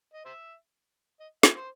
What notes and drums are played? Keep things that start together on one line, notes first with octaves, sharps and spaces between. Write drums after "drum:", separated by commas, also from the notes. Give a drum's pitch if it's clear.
D#5
C5 E5
D#5
E5, drum: snare
C5